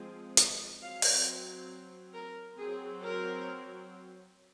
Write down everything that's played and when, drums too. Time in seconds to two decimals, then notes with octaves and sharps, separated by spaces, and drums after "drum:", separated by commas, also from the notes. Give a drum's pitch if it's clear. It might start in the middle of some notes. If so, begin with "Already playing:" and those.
Already playing: F3 G#3 C4
0.37 D#5, drum: hi-hat
0.82 F#3 C4 F5
1.02 drum: open hi-hat
2.14 A#4
2.58 F#3 C4 G#4
3.03 A#4